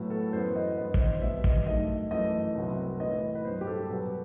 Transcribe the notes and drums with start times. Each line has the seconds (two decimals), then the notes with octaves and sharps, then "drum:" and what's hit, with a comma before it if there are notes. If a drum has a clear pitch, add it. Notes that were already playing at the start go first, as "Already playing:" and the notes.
Already playing: A2 F#3 B3
0.10 A4
0.32 F#2 E3 B3 C5
0.56 D#5
0.77 G2 E3 B3 B4
0.94 C5, drum: kick
1.00 D#5
1.22 B2 G3 B3 E5
1.44 D#5, drum: kick
1.66 G2 D#3 F#3 A3 D#5
2.10 F#2 E3 A3 D#5
2.55 C2 C3 F#3 B3
3.00 A2 E3 B3 D#5
3.35 B4
3.44 G2 F#3 B3 C5
3.61 G4
3.67 A4
3.89 B2 F#3 B3